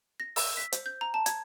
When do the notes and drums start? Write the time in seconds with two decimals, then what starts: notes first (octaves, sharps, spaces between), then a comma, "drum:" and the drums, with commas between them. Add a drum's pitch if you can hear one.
0.20 A#6
0.36 E6, drum: open hi-hat
0.57 B6
0.72 C5, drum: hi-hat
0.86 G6
1.01 A#5
1.14 A5
1.26 G#6, drum: hi-hat